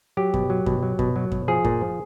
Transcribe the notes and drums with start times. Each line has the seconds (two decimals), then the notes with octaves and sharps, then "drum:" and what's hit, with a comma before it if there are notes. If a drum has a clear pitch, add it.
0.17 F#3 G4
0.34 B2, drum: kick F#2
0.50 F#3
0.66 B2, drum: kick F#2
0.83 F#3
0.99 B2, drum: kick F#2
1.16 F#3
1.32 B2, drum: kick F#2
1.48 F3 G#4
1.65 A#2, drum: kick F#2
1.81 F3